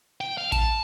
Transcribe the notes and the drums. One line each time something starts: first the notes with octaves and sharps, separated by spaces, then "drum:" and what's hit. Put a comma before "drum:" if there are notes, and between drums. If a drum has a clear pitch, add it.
G5
F5
A5, drum: kick A1, hi-hat